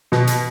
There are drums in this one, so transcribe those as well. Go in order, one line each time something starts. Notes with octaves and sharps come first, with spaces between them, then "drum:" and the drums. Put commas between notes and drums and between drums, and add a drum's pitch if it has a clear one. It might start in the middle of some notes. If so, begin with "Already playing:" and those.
B2, drum: snare
drum: hi-hat